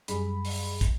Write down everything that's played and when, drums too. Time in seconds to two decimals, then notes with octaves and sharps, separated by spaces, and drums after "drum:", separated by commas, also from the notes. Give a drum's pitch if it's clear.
0.08 F#2 G3 G#4 B5, drum: hi-hat
0.45 drum: open hi-hat
0.81 drum: kick, hi-hat